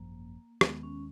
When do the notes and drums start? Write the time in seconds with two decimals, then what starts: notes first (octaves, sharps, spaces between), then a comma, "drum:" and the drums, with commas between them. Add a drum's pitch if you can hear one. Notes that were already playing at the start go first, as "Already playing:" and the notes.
Already playing: G#1 F#2 F3 A#3
0.61 D#2 D#3 G#3 B3, drum: rim click
0.83 C#4